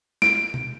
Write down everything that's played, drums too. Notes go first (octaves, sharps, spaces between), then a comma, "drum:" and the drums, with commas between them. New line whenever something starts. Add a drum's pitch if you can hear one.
D7, drum: snare
drum: tom B2